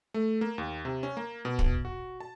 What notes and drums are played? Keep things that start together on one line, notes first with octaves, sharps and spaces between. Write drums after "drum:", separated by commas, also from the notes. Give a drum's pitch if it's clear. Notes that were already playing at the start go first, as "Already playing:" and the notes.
A3
A#3
D#2
C3
C#4
A#3
B2
drum: kick
F#4
A5